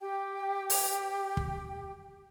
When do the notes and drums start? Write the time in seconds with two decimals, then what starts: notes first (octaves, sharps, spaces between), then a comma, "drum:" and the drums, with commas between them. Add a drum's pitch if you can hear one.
0.01 G4 G5
0.70 drum: open hi-hat
1.37 drum: kick